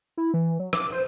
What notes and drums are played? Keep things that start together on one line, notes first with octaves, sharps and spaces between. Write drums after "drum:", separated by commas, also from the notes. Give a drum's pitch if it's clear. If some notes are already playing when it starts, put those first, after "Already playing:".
E4
E3
F#3
D6, drum: rim click
C5